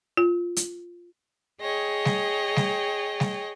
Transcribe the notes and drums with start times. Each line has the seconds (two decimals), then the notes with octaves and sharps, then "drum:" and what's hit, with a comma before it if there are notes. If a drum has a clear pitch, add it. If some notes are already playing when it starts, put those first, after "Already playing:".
0.17 F4
0.56 drum: hi-hat
1.61 G#4 C#5 D#5 G5
2.05 drum: snare G3
2.56 drum: snare G3
3.20 drum: snare G3